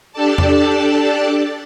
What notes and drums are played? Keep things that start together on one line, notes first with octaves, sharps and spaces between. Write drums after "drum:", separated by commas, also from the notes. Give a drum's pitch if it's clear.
D4 G4 A4 D5 A5
drum: tom E2